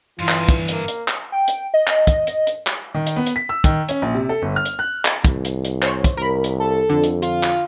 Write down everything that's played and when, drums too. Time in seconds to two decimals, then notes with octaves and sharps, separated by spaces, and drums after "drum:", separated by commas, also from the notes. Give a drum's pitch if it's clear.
0.19 G2 D3 E3 F4
0.29 drum: clap
0.49 drum: kick, hi-hat
0.68 A#3, drum: hi-hat
0.88 drum: hi-hat
1.08 drum: clap
1.32 G5
1.48 drum: hi-hat
1.74 D#5
1.87 drum: clap
2.07 drum: kick, hi-hat
2.27 drum: hi-hat
2.47 drum: hi-hat
2.67 drum: clap
2.94 D#3
3.07 drum: hi-hat
3.16 B3
3.26 drum: hi-hat
3.36 B6
3.49 E6
3.64 D#3, drum: kick, hi-hat
3.89 C#4, drum: hi-hat
4.02 A#1
4.15 C3
4.29 A4
4.42 G1
4.56 F6
4.65 drum: hi-hat
4.79 F#6
5.05 drum: clap
5.24 C2, drum: kick, hi-hat
5.45 drum: hi-hat
5.65 drum: hi-hat
5.82 C5 C#5, drum: clap
6.04 drum: kick, hi-hat
6.17 C2 A#4 B5
6.44 drum: hi-hat
6.60 A4
6.90 F2 D3
7.04 drum: hi-hat
7.22 F4, drum: hi-hat
7.43 drum: clap